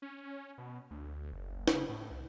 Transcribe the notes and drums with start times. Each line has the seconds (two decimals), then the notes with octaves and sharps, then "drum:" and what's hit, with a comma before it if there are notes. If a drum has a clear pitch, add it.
0.02 C#4
0.58 B2
0.91 D2
1.32 F#1
1.68 C#3, drum: snare
1.89 A2
2.11 C2